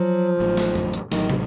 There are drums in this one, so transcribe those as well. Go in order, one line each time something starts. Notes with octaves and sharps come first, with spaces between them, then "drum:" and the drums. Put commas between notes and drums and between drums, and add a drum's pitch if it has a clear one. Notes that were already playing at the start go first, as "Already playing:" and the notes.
Already playing: F3 F#3
A1 A2 F#3
drum: snare
drum: tom F2
drum: hi-hat
A1 A2 D#3 F#3, drum: snare
drum: tom